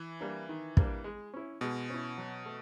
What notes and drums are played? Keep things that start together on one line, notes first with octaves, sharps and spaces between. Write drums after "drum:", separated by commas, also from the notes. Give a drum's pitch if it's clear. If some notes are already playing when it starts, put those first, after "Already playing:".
Already playing: E3
G3 A#3 D4
D#3
G3 A#3 D4, drum: kick
G#3
C#4 E4
B2 G#3
C#4 E4
F#3
A3